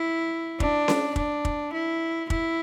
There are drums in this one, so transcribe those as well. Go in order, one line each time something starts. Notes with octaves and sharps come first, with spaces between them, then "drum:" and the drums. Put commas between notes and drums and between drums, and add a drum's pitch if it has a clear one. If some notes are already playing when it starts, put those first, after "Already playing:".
Already playing: E4
D4, drum: kick
drum: snare C#4
D4, drum: kick
drum: kick
E4
E4, drum: kick